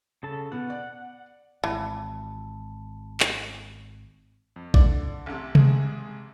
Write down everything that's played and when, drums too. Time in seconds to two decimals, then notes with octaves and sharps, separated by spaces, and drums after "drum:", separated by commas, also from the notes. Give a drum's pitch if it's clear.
0.23 C#3 A4 A5
0.52 B2 B3 F#5
0.70 D5
1.64 G#1 E3 A5 B5
3.20 drum: clap
4.56 F2
4.74 D3 D5, drum: kick A1
5.26 A1 C3
5.55 G#3 G#4, drum: tom C3